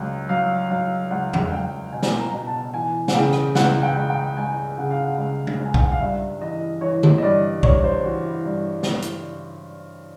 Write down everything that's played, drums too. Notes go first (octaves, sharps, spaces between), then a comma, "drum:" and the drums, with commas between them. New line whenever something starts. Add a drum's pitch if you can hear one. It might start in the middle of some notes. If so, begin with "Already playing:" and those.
Already playing: C#2 F#3
F#3 F5
F#3 F5
C#2 F#5
drum: tom E2
C#2 G5
B2 G#5
drum: snare
A#5
B2
A5
E3 G#5
F#5, drum: snare
C#3 G5
drum: rim click
C#2 F#5, drum: snare
G5
C#2
G5
C#2 G#5
C#3 F#5
F5
F#5
C#2
drum: tom G#3
C#2
G#5
G5, drum: kick B1
F#5
F5
G2 E5
E3 D#5
E3 C#5
drum: tom D3
D#5
G2 D5
G2 C#5, drum: kick B1
C5
E3 F#4
E4
G2 E4
drum: snare
drum: hi-hat